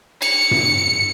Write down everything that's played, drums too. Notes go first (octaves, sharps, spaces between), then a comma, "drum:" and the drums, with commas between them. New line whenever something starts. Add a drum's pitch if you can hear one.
C#7, drum: cymbal
drum: tom G2